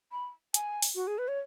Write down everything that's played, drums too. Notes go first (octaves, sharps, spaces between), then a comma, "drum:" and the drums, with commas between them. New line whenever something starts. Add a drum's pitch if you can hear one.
B5
G#5, drum: hi-hat
drum: open hi-hat
F#4
G#4
B4
C#5